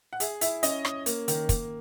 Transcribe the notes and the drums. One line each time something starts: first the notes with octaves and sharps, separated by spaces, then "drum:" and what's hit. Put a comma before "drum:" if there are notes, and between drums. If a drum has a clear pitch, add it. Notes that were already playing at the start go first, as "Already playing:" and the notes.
F#5
G#4 E5, drum: hi-hat
E4 E5, drum: hi-hat
C#4 D#5, drum: hi-hat
C#4, drum: rim click
A#3, drum: hi-hat
D#3, drum: hi-hat
A#3, drum: kick, hi-hat